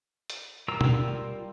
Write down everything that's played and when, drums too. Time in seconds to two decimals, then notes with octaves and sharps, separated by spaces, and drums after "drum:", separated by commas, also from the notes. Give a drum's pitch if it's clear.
0.30 drum: hi-hat
0.68 G3 F4 A#4 A#5 E6
0.81 drum: tom